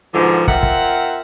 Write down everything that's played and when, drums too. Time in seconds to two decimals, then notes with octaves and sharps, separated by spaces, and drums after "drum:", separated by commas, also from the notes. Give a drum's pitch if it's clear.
0.14 G#2 B2 D3 F3
0.48 C4 F4 A#4 E5 F#5, drum: kick
0.63 drum: kick